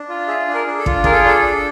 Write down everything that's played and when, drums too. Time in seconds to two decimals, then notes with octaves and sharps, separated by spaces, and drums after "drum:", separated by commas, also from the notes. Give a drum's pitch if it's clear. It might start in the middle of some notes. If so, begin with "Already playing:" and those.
Already playing: D4
0.09 F4
0.28 G#4 E5
0.48 D4
0.54 A#4
0.66 D4
0.79 A4
0.86 F4, drum: kick
1.04 G#4 A#4, drum: kick
1.12 A4
1.24 D4 A4
1.42 D4